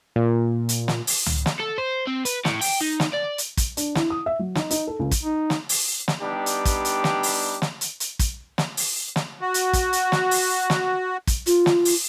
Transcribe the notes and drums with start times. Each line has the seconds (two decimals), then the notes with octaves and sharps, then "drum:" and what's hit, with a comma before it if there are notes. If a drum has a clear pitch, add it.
0.16 A#2
0.69 drum: hi-hat
0.88 drum: snare
1.07 drum: open hi-hat
1.26 drum: tom C#2
1.46 drum: snare
1.60 A4
1.78 C5
2.07 C4
2.25 B4, drum: hi-hat
2.45 A2, drum: snare
2.61 G5, drum: open hi-hat
2.81 D#4
3.00 drum: snare
3.14 D5
3.38 drum: hi-hat
3.57 drum: kick, hi-hat
3.77 D4, drum: hi-hat
3.95 E4, drum: snare
4.10 D#6
4.26 E5
4.39 F#3
4.55 D#4, drum: snare
4.71 D#4, drum: hi-hat
4.87 A4
4.99 C#2
5.11 drum: kick, hi-hat
5.23 D#4
5.50 drum: snare
5.69 drum: open hi-hat
6.08 drum: snare
6.22 G3 B3 D4 D#4 G4
6.46 drum: hi-hat
6.65 drum: kick, hi-hat
6.85 drum: hi-hat
7.04 drum: snare
7.23 drum: open hi-hat
7.62 drum: snare
7.81 drum: hi-hat
8.00 drum: hi-hat
8.19 drum: kick, hi-hat
8.58 drum: snare
8.77 drum: open hi-hat
9.16 drum: snare
9.41 F#4
9.54 drum: hi-hat
9.73 drum: kick, hi-hat
9.93 drum: hi-hat
10.12 drum: snare
10.31 drum: open hi-hat
10.70 drum: snare
11.27 drum: kick, hi-hat
11.47 F4, drum: hi-hat
11.66 drum: snare
11.85 drum: open hi-hat